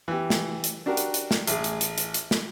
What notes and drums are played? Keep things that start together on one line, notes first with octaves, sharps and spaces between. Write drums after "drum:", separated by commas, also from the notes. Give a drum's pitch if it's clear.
E3 G4
drum: snare
drum: hi-hat
D4 F#4 G4 A#4
drum: hi-hat
drum: hi-hat
drum: snare
A1 G#4, drum: hi-hat
drum: hi-hat
drum: hi-hat
drum: hi-hat
drum: hi-hat
drum: snare